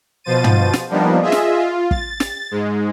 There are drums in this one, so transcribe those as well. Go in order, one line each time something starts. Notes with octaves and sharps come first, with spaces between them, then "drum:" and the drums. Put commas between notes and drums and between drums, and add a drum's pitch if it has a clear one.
B2 F3 C5 A6 D#7
drum: tom
drum: snare
F3 G3 A#3 B3 D4 D#4
F4 G#4 D#5 E5
drum: snare
F4
A6, drum: kick
drum: snare
G#2 G#3